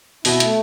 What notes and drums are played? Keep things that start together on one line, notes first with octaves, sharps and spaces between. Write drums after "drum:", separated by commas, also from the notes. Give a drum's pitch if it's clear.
B2 E4, drum: open hi-hat
A3, drum: hi-hat